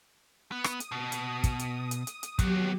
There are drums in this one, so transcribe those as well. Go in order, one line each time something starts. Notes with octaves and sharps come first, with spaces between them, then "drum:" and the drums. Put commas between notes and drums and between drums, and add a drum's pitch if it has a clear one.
B3 D#6
drum: rim click
drum: hi-hat
B2
drum: hi-hat
drum: kick, hi-hat
drum: hi-hat
drum: hi-hat
drum: hi-hat
drum: hi-hat
D#2 F#3 B3 G4, drum: kick, hi-hat